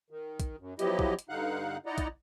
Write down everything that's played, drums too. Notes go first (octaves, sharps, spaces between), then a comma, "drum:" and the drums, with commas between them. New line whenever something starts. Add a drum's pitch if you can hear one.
D#3
drum: kick B1, hi-hat
F#2
F3 F#3 B3 E4 G4 D#5, drum: hi-hat
drum: kick B1
drum: hi-hat
G2 D3 D#4 F5 F#5 F#6
D#4 E4 D5 D#5 F#5 A#5
drum: kick B1, hi-hat